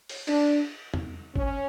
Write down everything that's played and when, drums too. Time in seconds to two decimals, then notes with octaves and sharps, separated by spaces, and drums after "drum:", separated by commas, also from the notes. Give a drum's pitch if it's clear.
0.09 drum: open hi-hat
0.27 D4, drum: cymbal
0.94 drum: tom E2
1.36 C#4, drum: kick